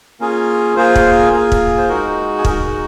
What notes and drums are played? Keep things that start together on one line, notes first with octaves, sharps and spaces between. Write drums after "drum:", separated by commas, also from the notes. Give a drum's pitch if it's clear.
A#3 C#4 F4 G#4
A#3 F4 G#4 C5
drum: kick
A#3 F4 G#4
drum: kick
C5
G#3 D#4 F#4 A#4
G#4
G#3 D#4 F#4 A#4, drum: kick